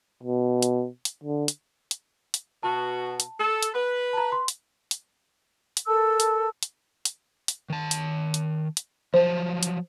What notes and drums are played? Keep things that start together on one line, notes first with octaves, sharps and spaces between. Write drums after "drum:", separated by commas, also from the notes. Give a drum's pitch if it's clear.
B2
drum: hi-hat
drum: hi-hat
D3
drum: hi-hat
drum: hi-hat
drum: hi-hat
B2 F#4 A5
drum: hi-hat
A4
drum: hi-hat
B4
A5 A#5
C6
drum: hi-hat
drum: hi-hat
drum: hi-hat
A4 A#4 A5 E6
drum: hi-hat
drum: hi-hat
drum: hi-hat
drum: hi-hat
D#3 A5
drum: hi-hat
drum: hi-hat
drum: hi-hat
F3 F#3 C5 A5
drum: hi-hat